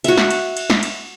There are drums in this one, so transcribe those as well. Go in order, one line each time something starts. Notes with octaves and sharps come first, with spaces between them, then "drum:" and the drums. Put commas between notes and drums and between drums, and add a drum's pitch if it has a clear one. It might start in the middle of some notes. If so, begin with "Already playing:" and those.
F#4 E5, drum: cymbal
drum: snare
drum: cymbal
drum: cymbal
drum: snare
drum: cymbal